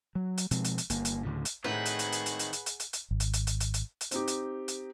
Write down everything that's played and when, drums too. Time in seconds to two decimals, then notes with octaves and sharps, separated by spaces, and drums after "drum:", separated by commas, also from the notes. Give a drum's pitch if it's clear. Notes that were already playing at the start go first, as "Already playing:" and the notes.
0.15 F#3
0.37 drum: hi-hat
0.51 B2 F3 G#3 C4, drum: hi-hat
0.64 drum: hi-hat
0.78 drum: hi-hat
0.90 G1 A#3, drum: hi-hat
1.05 drum: hi-hat
1.23 D2 A2 C#3
1.45 drum: hi-hat
1.64 A2 D#3 C4 D#4 G#4 B4 F#5
1.85 drum: hi-hat
1.99 drum: hi-hat
2.12 drum: hi-hat
2.26 drum: hi-hat
2.39 drum: hi-hat
2.53 drum: hi-hat
2.66 drum: hi-hat
2.80 drum: hi-hat
2.93 drum: hi-hat
3.11 G#1
3.20 drum: hi-hat
3.33 drum: hi-hat
3.47 drum: hi-hat
3.60 drum: hi-hat
3.74 drum: hi-hat
4.01 drum: hi-hat
4.11 C4 D#4 G4, drum: hi-hat
4.28 drum: hi-hat
4.68 drum: hi-hat